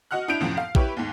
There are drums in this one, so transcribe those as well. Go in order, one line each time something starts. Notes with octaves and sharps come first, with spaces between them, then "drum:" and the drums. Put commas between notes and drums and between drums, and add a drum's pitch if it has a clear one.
F#4 D#5 F#5 F6 F#6
D4 E4 D#6 G6 D7 F7
C2 F#2 A2 F3
F5
E4 G4 B4 C#5, drum: kick
D#2 G#2